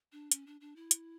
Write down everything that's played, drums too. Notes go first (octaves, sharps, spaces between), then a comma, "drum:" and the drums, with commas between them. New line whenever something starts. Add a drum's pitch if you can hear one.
D4
C#4, drum: hi-hat
D4
D4
E4
drum: hi-hat